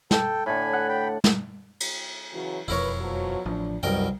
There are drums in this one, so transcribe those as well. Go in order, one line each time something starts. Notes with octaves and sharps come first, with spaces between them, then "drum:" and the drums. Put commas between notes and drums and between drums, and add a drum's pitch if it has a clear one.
A4 G5, drum: snare
A2 D3 G#5 B5
F#5
G5 B5
drum: snare
drum: cymbal
C#3 E3 F#3
E1 F2 E4 A#4 B4 C#5
B2 F3 F#3
A1 F3 D4
C2 F#2 B2 F#3 A#4 G5